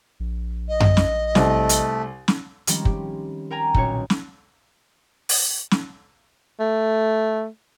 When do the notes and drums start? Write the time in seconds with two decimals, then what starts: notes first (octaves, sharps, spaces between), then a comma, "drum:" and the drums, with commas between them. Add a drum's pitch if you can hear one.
0.20 A#1
0.68 D#5
0.80 drum: tom F#2
0.97 drum: snare
1.35 C2 A3, drum: snare
1.69 drum: hi-hat
2.28 drum: snare
2.67 D#3 F3 G3 G#3 C4 C#4, drum: hi-hat
2.85 G4, drum: kick
3.50 A#4 G5 G#5 A#5
3.74 B1 A#2 C#4 C#5, drum: kick
4.10 drum: snare
5.29 drum: open hi-hat
5.71 drum: snare
6.60 A3